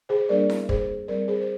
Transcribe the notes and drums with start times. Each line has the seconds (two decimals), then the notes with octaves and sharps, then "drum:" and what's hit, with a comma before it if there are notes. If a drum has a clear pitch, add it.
0.09 G#4 C5
0.29 G3 A#3 D4 A#4 D5
0.50 drum: snare E4
0.69 G#4 C5, drum: kick
1.08 G3 C4 A#4 D5
1.28 G#4 C5
1.41 C5